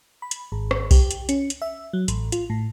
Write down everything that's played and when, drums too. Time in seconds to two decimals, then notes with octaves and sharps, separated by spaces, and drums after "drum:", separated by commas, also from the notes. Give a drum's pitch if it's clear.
0.22 B5
0.31 drum: hi-hat
0.52 G#1
0.71 drum: rim click
0.91 G4, drum: kick B1, open hi-hat
1.11 drum: hi-hat
1.29 C#4, drum: hi-hat
1.50 drum: hi-hat
1.62 E5
1.93 F#3
2.08 A1, drum: hi-hat
2.32 F4, drum: hi-hat
2.50 A2